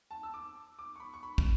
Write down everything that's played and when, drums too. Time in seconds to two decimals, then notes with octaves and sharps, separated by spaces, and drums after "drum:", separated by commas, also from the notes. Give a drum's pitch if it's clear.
0.11 A5
0.23 E6
0.34 D6
0.79 D6
0.96 C#6
1.00 B5
1.14 C#6
1.23 B5
1.38 drum: kick